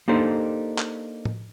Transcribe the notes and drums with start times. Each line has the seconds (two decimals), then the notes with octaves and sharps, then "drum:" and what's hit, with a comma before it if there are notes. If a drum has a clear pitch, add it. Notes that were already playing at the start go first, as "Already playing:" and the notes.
0.08 A#3 D4 D#4 G4 A4 C5
0.78 drum: clap
1.25 drum: tom A2